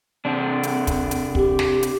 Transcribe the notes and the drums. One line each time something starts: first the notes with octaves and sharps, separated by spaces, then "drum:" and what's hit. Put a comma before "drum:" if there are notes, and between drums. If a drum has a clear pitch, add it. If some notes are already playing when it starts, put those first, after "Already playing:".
C3 D4
drum: hi-hat
drum: kick, hi-hat
drum: hi-hat
G4, drum: kick
drum: snare
drum: hi-hat